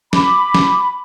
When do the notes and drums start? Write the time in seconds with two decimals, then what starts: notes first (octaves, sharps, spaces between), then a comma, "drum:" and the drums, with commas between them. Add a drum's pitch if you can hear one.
0.13 B5 D6, drum: snare
0.54 drum: snare